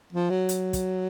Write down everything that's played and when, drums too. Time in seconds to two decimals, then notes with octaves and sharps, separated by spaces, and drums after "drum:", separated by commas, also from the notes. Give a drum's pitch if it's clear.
0.13 F3
0.30 F#3
0.49 drum: hi-hat
0.73 drum: kick, hi-hat